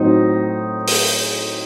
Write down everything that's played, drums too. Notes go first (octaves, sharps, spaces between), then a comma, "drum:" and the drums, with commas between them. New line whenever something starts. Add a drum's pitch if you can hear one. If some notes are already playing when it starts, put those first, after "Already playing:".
Already playing: A2 F#3 C4 D#4
drum: open hi-hat